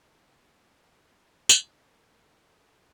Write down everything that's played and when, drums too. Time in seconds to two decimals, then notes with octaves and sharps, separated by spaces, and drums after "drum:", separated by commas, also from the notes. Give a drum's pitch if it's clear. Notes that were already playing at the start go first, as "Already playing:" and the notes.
1.49 drum: tambourine
1.72 A4 A#4